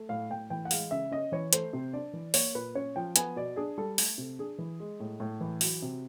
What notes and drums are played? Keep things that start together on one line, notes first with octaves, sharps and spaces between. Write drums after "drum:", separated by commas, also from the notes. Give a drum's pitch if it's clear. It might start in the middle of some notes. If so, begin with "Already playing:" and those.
Already playing: A3
A2 F5
A2 G5
E3 G5
F#5
G#3 F5, drum: open hi-hat
C#3 E5
C#4 D#5
E3 C#5
A3 C5, drum: hi-hat
C3
D4 D5
E3
A#3 C#5, drum: open hi-hat
A#2 B4
C#4 C#5
F3 G5
B3 G#5, drum: hi-hat
B2 D5
D4 G#4
G3 A4
A3 A4, drum: open hi-hat
C3
D4 G#4
E3
G#3
A2
A2
E3
F#3, drum: open hi-hat
C3